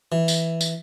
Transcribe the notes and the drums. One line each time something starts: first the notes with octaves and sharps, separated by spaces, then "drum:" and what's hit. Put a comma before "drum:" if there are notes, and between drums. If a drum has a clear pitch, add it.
E3
drum: tambourine
drum: tambourine